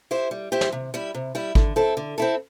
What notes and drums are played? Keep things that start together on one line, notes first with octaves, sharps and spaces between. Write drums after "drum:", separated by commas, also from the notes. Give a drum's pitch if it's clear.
E4 G4 C5
G3
E4 G4 C5
drum: snare
C3
G3 E4
C3
G3 E4
D3, drum: kick G#1
C4 E4 A4
D3
C4 E4 A4